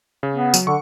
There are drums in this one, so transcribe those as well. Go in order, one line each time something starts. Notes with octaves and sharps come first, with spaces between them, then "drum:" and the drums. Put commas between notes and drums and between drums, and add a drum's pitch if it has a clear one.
C#3
B3
F#3, drum: tambourine
D3 C#6